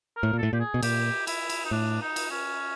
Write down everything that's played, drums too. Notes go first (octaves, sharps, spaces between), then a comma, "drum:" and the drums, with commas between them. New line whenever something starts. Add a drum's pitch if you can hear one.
A#4
A2
A#2
A2 A4
A#2 G4
G#4
B2
A#2 G4, drum: cymbal
E4, drum: cymbal
drum: cymbal
D#4
A2 D4
D#4
drum: cymbal
C#4